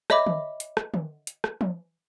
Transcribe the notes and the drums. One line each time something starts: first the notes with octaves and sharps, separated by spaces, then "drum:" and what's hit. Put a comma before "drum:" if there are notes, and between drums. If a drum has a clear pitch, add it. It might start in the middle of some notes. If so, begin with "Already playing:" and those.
C#5 D#5 E5 B5 D6, drum: rim click
drum: tom D3
drum: hi-hat
drum: rim click
drum: tom D3
drum: hi-hat
drum: rim click
drum: tom